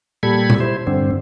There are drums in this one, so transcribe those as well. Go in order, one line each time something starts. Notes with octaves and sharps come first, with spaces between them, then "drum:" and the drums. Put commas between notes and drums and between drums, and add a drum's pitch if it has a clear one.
A#2 G3 A4 B5 G#6
drum: tom A#2
E4 C5
G2 D3 C4